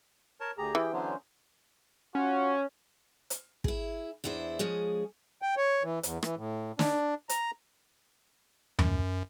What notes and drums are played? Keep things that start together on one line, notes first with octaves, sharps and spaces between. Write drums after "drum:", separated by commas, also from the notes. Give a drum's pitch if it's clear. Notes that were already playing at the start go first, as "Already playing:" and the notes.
A#4 C#5 A5
D2 G4 G#4 A#5
E3 G5
D3 F#3 B3 C#4 D4 C5
C#4 F4 F#4
drum: hi-hat
E4 G#4, drum: kick
E2 D4 E4 G#4 C5
F3 G#3 C#4 G#4
G5
C#5
E3
E2, drum: hi-hat
E3, drum: rim click
A2
D4, drum: snare
A#5, drum: hi-hat
F#2, drum: tom D#2